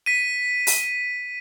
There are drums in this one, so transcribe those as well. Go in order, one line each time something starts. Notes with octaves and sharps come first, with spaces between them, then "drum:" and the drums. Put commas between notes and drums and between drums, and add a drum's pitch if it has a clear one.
B6 D#7
drum: open hi-hat